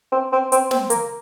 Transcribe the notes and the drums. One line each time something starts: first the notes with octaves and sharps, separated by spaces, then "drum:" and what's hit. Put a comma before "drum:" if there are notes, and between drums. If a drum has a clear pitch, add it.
C4
C4
C4, drum: hi-hat
C4, drum: snare
A#3, drum: hi-hat